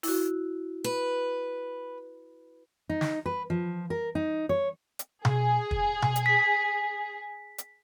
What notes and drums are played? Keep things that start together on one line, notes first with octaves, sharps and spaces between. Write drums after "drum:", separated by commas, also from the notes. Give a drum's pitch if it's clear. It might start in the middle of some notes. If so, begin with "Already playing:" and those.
E4 F#4, drum: open hi-hat
B4
D#4
drum: snare
B4
F3
A#4
D#4
C#5
drum: hi-hat
G#4, drum: tom B2
drum: kick
drum: tom B2
drum: hi-hat
B6
drum: hi-hat